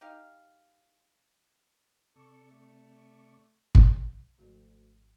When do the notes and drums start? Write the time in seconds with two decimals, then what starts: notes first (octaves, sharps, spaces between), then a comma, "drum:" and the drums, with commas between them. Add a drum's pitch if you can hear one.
0.01 D#4 G4 F5
2.16 C3 A4 D5 C#6
2.51 A3
3.75 drum: kick
4.39 G#1 D2 F3 F#4